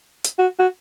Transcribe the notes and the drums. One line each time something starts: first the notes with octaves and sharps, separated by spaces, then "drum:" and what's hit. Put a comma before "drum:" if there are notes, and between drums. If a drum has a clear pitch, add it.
drum: hi-hat
F#4
F#4